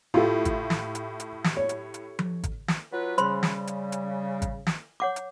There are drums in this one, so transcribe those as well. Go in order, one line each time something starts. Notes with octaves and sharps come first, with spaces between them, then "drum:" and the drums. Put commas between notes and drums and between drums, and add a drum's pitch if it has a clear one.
A2 E4 F4 G4 A4
drum: kick G#1, hi-hat
drum: snare
drum: hi-hat
drum: hi-hat
drum: snare
C#5
drum: hi-hat
drum: hi-hat
drum: tom F3
drum: kick G#1, hi-hat
drum: snare
F#3 F4 B4
C#3 G3 C5 B5 C6, drum: hi-hat
drum: snare
drum: hi-hat
drum: hi-hat
drum: kick G#1, hi-hat
drum: snare
C#5 F#5 D6
drum: hi-hat